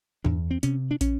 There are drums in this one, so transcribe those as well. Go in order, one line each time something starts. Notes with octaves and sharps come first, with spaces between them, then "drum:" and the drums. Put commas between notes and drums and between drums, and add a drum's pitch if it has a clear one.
E2 D4, drum: tom
C4
C3 C#4, drum: hi-hat
D4
C#4, drum: kick, hi-hat